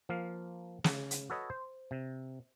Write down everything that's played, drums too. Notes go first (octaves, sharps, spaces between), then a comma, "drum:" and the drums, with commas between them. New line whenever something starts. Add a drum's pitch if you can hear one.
F3 A#3 F5
C#3, drum: snare
drum: hi-hat
F#4 A4 B4 C#5 D#5
C5
C3